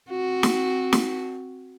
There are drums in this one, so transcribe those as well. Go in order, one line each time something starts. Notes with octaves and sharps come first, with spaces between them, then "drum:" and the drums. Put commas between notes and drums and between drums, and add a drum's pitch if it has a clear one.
C4 F#4
drum: snare
drum: snare